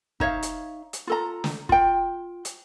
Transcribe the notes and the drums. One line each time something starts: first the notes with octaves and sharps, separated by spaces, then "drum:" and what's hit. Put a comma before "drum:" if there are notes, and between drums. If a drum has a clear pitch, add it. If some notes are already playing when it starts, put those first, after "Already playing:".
D#4 C#5 E5 F5, drum: kick
drum: hi-hat
drum: hi-hat
F4 A4 A#5
drum: snare
F4 G5, drum: kick
drum: hi-hat